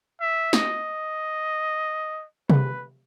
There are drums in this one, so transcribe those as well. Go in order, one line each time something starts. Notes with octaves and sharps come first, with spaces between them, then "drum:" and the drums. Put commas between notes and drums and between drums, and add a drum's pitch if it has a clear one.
E5
D#5, drum: snare
B4, drum: tom C3